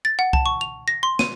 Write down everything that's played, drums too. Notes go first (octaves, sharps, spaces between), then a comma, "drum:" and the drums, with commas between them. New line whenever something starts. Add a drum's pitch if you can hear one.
A6
F#5
A5, drum: kick C2
C#6
F7
A#6
C6
D#7, drum: snare